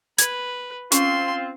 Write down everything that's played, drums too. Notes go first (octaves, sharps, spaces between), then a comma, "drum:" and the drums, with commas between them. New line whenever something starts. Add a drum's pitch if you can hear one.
B4 G#6, drum: hi-hat
C4 C#4 F4 C6, drum: hi-hat